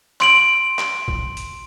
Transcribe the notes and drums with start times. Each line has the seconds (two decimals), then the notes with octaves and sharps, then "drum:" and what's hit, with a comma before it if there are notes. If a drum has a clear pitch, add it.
0.21 C6 D7 F#7, drum: clap
0.79 drum: clap
1.08 drum: kick A#1
1.37 drum: hi-hat